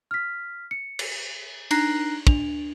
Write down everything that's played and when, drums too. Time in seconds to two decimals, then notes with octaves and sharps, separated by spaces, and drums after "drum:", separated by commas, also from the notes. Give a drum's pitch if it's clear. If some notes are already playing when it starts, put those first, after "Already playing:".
0.11 F6 B6
0.71 C#7
0.99 drum: cymbal
1.71 D4 D#4 A#5 F#6 A#6 C7, drum: cymbal
2.27 D4 F7, drum: kick